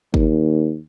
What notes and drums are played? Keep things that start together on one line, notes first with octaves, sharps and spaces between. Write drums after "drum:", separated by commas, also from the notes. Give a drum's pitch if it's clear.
D#2, drum: kick